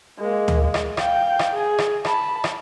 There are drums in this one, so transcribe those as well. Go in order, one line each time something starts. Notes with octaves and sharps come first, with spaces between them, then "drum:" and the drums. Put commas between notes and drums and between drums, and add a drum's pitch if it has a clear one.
G#3 A#3
drum: tom D2
G#3
drum: rim click
F5 G5, drum: rim click
drum: rim click
G#4 G#5
drum: rim click
A5 B5, drum: rim click
drum: rim click